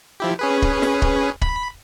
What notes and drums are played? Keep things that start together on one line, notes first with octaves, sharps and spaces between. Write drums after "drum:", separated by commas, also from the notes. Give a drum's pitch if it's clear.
F3 E4 G4
C#4 G#4 B4
drum: kick
drum: snare
drum: kick
B5, drum: kick